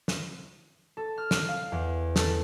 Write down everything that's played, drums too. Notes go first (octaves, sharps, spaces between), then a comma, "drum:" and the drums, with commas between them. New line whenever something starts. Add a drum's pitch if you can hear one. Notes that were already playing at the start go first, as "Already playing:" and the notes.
drum: snare
A4
F6
drum: snare
F5
E2
A4, drum: snare